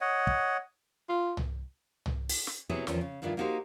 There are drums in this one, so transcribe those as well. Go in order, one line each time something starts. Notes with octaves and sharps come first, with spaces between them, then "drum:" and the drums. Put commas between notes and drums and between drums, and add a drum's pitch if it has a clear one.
C#5 D#5 F#5
drum: kick
F4
drum: tom C2
drum: tom C2
drum: open hi-hat
drum: snare
C3 F#3 B3 E4 G#4
E2 D#3 F3 C4 C#4, drum: snare
C#3
G2 D#3 B3 D4 E4 F4
A#3 B3 D#4 F#4 G4 C5